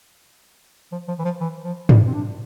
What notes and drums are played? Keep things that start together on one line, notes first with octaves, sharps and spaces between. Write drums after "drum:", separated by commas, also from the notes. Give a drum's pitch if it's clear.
F3
F3
E3
F3
E3
F3
G3, drum: tom
C4
D4